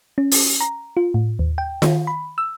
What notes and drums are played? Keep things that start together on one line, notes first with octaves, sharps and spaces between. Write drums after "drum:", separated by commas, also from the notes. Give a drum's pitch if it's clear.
C#4
drum: open hi-hat
A#5
F4
A2
D#2
G5
D#3, drum: snare F4
B5
E6